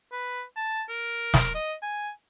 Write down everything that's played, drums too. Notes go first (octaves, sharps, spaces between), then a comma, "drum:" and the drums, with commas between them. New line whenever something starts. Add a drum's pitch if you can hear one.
B4
A5
A#4
drum: snare
D#5
G#5